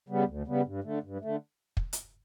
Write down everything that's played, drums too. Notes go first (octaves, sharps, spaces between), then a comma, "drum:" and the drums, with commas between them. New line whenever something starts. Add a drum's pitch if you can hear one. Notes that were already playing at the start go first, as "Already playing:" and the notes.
C#3 G3 B3
D2
C#3 G3 B3
G2
D3 A3
G2
D3 A3
drum: kick
drum: hi-hat